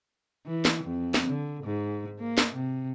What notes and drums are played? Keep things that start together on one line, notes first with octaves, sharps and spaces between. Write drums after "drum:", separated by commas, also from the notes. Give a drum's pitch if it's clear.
E3
drum: snare
F2
drum: snare
D3
G#2
A#3
drum: snare
C3